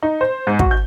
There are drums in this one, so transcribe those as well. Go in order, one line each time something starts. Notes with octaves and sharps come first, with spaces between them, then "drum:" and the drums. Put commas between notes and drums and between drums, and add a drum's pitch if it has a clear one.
D#4
C5
G#2
F#4, drum: kick
G6